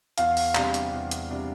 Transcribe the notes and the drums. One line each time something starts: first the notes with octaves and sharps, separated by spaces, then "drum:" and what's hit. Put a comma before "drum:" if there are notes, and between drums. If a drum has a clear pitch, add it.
E2 F5, drum: hi-hat
drum: open hi-hat
C3 G3 D4, drum: clap
drum: hi-hat
E2
drum: hi-hat
C3 G3 D4